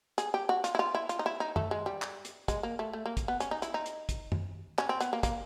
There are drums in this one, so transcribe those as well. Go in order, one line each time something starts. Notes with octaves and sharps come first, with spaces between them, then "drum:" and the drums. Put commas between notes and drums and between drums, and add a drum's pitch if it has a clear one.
G#4, drum: hi-hat
G4
F#4
F4, drum: hi-hat
E4
F4
E4
F4, drum: hi-hat
D#4
E4
D#4
A3, drum: tom
G#3
G3
drum: clap
drum: hi-hat
G#3, drum: kick, hi-hat
A#3
A3
A3
A#3
drum: kick, hi-hat
B3
C#4, drum: hi-hat
D#4
E4, drum: hi-hat
D#4
drum: hi-hat
drum: kick, hi-hat
drum: tom
C#4, drum: clap
C4
B3, drum: hi-hat
A#3
A#3, drum: kick, hi-hat